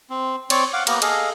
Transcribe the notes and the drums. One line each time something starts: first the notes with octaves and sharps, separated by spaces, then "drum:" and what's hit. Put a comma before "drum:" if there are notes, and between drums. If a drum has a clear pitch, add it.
C4
C4 C#5 D5, drum: cymbal
F5 F#5 D6
A#3 B3 G4 A#4, drum: cymbal
G#4 A4 D#5 F5, drum: cymbal